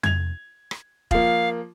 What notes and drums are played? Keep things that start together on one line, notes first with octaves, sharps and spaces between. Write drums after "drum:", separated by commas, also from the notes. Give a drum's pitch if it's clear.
G#6 F7, drum: tom F2
drum: rim click
F3 A#3 F5, drum: kick E1